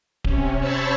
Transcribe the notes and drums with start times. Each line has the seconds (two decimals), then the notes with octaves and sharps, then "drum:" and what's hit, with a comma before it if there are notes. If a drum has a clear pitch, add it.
0.24 C3 C#4, drum: kick D1
0.60 C5 C#5 A5 B5 C#6 E6